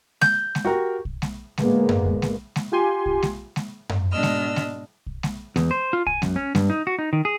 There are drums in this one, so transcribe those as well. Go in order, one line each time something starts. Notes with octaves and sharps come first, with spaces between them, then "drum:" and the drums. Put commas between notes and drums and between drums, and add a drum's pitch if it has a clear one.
G6, drum: snare G#3
drum: snare G#3
F#4 G4 A#4 G5
drum: kick
drum: snare G#3
A2 D3 G#3 A#3 B3, drum: snare G#3
drum: tom F#2
drum: kick
drum: snare G#3
drum: snare G#3
F4 G4 G#5 C6
drum: kick
drum: snare G#3
drum: snare G#3
drum: tom F#2
G#2 B2 D4 D#5 E6 F6
drum: snare G#3
drum: snare G#3
drum: kick
drum: snare G#3
E2, drum: snare G#3
C5
F4
G#5, drum: kick
F#2, drum: snare G#3
C#4
G2, drum: snare G#3
D#4
F#4
D#4
D#3
G#4